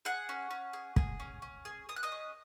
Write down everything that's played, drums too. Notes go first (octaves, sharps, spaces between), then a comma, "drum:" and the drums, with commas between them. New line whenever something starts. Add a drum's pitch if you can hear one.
G#4 F#5 F#6
C#4
C#4
G#4
G#4, drum: kick
C#4
C#4
G#4
G#4 D#6
F#6
D#5 D#6
C#4